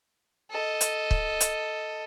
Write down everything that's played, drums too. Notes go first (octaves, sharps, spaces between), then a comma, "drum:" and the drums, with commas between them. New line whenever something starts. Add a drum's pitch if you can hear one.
A4 D#5
drum: hi-hat
drum: kick C#1
drum: hi-hat